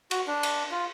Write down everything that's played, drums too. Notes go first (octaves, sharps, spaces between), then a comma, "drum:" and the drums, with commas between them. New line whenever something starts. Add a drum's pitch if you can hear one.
F#4, drum: cymbal
D4
drum: cymbal
F4